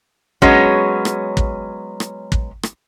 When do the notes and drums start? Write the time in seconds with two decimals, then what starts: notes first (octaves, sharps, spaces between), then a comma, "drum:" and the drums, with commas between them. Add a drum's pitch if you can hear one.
0.42 F#3 G#3 B3 C#4, drum: kick
1.05 drum: rim click
1.37 drum: kick
2.00 drum: rim click
2.32 drum: kick
2.63 drum: rim click